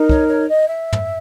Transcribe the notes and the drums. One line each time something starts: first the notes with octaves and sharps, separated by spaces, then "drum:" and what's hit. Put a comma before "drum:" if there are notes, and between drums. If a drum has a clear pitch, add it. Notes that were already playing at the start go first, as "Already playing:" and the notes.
Already playing: D#4 A#4
C#5, drum: kick
C#5
D#5
E5
drum: tom